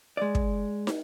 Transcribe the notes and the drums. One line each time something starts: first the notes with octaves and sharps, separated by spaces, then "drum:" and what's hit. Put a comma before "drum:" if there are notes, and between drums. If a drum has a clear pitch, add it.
G#3 D5
drum: kick
drum: snare